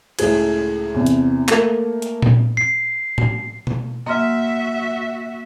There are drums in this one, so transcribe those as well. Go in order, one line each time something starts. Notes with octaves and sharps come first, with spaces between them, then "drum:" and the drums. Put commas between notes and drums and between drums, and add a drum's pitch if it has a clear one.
C#2 A2 G#4 G#6, drum: cymbal
E2 C3
drum: hi-hat
A3 A#3 A#4, drum: clap
drum: hi-hat
drum: tom A#2
C7
drum: tom A2
drum: tom B2
A#3 F#4 E5 C6 F6